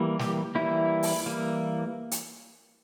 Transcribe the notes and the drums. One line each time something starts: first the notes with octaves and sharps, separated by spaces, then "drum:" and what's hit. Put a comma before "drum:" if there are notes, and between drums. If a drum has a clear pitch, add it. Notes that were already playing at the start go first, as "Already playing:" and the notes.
Already playing: E3 G3 A#3
G4, drum: snare
E3 G3 A#3 E4
drum: open hi-hat
E3 G3 A#3
drum: hi-hat